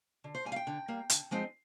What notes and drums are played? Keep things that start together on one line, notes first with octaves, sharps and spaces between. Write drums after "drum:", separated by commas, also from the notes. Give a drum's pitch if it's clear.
D3
C5
G3 A#3 G#5
F5
G5
D3
G3 A#3
D3, drum: hi-hat
F3 G#3 C4 D#4